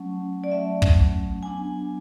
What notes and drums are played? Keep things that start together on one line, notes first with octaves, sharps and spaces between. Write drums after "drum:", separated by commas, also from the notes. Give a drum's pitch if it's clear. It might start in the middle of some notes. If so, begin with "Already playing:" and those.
Already playing: F#3 A3 C#4
D5
F#3 A3 C#4 E5
drum: kick
F#3 B3 D4 G#5